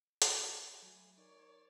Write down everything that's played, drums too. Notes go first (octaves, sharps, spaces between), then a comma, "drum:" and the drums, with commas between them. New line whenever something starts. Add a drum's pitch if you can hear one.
B5, drum: hi-hat
F#3 A3 G#5
D#4 A#4 C#5 D5